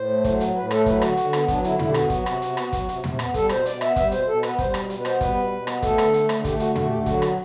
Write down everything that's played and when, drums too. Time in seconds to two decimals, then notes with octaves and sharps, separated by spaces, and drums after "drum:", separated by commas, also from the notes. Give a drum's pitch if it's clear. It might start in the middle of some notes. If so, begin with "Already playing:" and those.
Already playing: A2 C5
0.09 A3
0.25 F#3, drum: kick, hi-hat
0.40 A2, drum: hi-hat
0.55 A2 B4
0.71 A3 A4, drum: rim click
0.86 F#3 B4, drum: kick, hi-hat
1.02 D3 F#4, drum: rim click
1.17 D3, drum: hi-hat
1.33 B3, drum: rim click
1.48 F#3 D4, drum: kick, hi-hat
1.64 D3 E4, drum: hi-hat
1.79 D3 E4, drum: tom
1.89 G4
1.94 B3 F#4, drum: rim click
2.10 F#3 F#4, drum: kick, hi-hat
2.26 C3, drum: rim click
2.42 C3, drum: hi-hat
2.57 B3, drum: rim click
2.73 F#3, drum: kick, hi-hat
2.89 C3, drum: hi-hat
3.04 C3, drum: tom
3.19 B3, drum: rim click
3.34 G3 A4, drum: kick, hi-hat
3.49 B2 C5, drum: rim click
3.66 B2 D5, drum: hi-hat
3.81 B3 E5, drum: rim click
3.96 G3 E5, drum: kick, hi-hat
4.11 B2 C5, drum: hi-hat
4.28 B2 A4
4.43 B3 B4, drum: rim click
4.59 G3 C5, drum: kick, hi-hat
4.74 B2, drum: rim click
4.90 B2, drum: hi-hat
4.99 B4
5.05 B3 C5, drum: rim click
5.21 G3 B4, drum: kick, hi-hat
5.36 B2
5.51 B2
5.67 B3, drum: rim click
5.83 A3 A4, drum: kick, hi-hat
5.98 D3, drum: rim click
6.13 A3, drum: hi-hat
6.29 D3, drum: rim click
6.45 A3 G4, drum: kick, hi-hat
6.60 D3 F#4, drum: hi-hat
6.76 A3 F#4, drum: tom
6.87 D3 G4
7.00 F#4
7.06 F#3, drum: kick, hi-hat
7.22 B2, drum: rim click